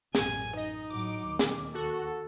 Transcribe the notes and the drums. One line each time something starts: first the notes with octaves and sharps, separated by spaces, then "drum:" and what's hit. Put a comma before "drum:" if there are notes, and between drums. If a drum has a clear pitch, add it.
A1 F#2 G#5, drum: snare
D#4 D#5
A2 F#3 D6
D#2
drum: snare
F#4 A4